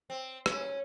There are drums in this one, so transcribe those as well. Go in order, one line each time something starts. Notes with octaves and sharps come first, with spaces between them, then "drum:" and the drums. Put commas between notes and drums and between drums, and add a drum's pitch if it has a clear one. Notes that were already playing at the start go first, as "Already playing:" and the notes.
C4
C#4, drum: rim click